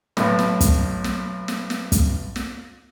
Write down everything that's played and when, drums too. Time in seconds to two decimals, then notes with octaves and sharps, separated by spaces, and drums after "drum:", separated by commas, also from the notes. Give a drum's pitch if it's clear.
0.17 B1 A2, drum: snare
0.39 drum: snare
0.61 drum: kick, hi-hat
1.04 drum: snare
1.48 drum: snare
1.70 drum: snare
1.92 drum: kick, hi-hat
2.36 drum: snare